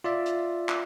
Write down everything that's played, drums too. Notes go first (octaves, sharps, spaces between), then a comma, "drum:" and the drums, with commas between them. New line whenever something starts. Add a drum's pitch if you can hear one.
F4 D5 E5
drum: hi-hat
drum: clap